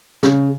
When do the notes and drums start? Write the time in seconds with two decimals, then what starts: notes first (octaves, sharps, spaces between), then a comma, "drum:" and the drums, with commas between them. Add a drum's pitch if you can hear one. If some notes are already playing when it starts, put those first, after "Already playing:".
0.23 C#3, drum: snare